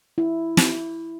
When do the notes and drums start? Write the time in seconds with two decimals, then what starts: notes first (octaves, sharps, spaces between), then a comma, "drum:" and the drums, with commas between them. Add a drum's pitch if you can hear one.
0.18 E4
0.57 drum: snare